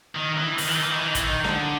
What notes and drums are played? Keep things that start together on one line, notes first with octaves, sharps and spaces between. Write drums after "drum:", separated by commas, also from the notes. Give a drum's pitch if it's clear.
D#3
E3
D#3, drum: open hi-hat
E3
D#3
E3
D#3
E3
D#3
E3, drum: kick, hi-hat
D#3
D3, drum: snare